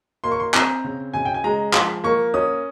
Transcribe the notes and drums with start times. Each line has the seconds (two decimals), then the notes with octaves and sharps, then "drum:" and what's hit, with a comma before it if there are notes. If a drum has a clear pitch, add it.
0.24 A#3 C6
0.32 C#6
0.40 C6
0.54 C4 A#5, drum: clap
0.84 C#3
1.14 C#3 G#5
1.25 G5
1.34 G#5
1.44 G#3 A#5
1.73 F3 C6, drum: clap
2.04 A#3 C#6
2.34 C#4 D#6